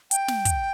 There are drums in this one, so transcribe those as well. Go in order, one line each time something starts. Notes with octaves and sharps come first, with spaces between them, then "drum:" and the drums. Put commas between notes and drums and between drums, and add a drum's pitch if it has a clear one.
G5, drum: hi-hat
drum: snare
drum: kick, hi-hat